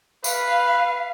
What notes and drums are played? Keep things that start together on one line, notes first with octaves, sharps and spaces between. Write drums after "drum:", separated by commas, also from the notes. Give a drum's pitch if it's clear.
B4 F5, drum: tambourine